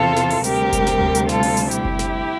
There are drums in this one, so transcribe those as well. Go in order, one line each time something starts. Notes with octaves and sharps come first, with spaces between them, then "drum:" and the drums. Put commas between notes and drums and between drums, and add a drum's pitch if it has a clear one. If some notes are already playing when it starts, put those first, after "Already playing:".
Already playing: E2 C3 E3 F4 A4
drum: snare
drum: open hi-hat
D2 C3 G3 G4 A#4, drum: hi-hat
drum: kick F#1, hi-hat
drum: snare
drum: tom D2
drum: hi-hat
F4 A4, drum: snare
drum: open hi-hat
drum: hi-hat
E4 G4, drum: hi-hat
drum: kick F#1
drum: snare